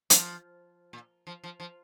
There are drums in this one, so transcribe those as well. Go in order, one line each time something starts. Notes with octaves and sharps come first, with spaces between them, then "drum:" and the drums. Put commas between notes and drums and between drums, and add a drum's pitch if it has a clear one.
F3, drum: hi-hat
A#2
F3
F3
F3